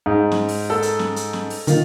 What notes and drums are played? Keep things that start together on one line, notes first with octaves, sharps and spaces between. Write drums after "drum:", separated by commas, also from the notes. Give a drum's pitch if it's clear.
G#2
drum: snare C#4
drum: open hi-hat
A4
drum: hi-hat
drum: snare C#4
drum: hi-hat
drum: snare C#4
drum: open hi-hat
D#3 F4, drum: hi-hat